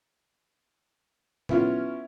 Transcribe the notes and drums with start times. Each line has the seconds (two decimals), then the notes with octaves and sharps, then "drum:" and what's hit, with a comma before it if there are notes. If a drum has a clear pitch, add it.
1.49 B3 C#4 E4 F4, drum: tom A#2